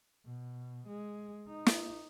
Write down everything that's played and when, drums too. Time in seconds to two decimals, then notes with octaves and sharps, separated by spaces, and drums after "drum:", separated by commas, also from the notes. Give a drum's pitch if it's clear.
0.25 B2
0.87 G#3
1.48 D#4
1.66 drum: snare